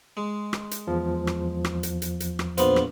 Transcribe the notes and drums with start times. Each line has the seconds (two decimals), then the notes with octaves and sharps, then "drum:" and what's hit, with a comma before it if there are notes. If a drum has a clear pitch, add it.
0.17 G#3
0.53 drum: rim click
0.71 drum: hi-hat
0.87 E2 F3
1.27 drum: rim click
1.64 drum: rim click
1.83 drum: hi-hat
2.02 drum: hi-hat
2.20 drum: hi-hat
2.39 drum: rim click
2.58 A#1 B3 F4 C5, drum: hi-hat
2.76 drum: rim click